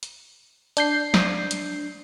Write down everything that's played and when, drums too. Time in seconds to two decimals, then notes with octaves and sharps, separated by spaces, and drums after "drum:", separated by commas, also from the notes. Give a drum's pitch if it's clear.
0.03 drum: hi-hat
0.77 D4 G6 C7, drum: hi-hat
1.14 drum: snare
1.51 drum: hi-hat